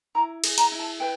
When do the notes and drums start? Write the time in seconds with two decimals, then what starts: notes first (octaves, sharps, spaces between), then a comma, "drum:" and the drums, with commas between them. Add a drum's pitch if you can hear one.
0.15 E4 A#5
0.44 G#4, drum: cymbal
0.58 A#5, drum: hi-hat
0.72 E4
0.79 A5
1.00 B4 G5